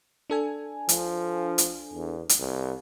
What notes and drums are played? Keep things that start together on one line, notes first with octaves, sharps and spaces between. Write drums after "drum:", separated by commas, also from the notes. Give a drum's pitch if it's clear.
D4 A4 G#5
F3, drum: hi-hat
drum: hi-hat
E2
drum: hi-hat
C2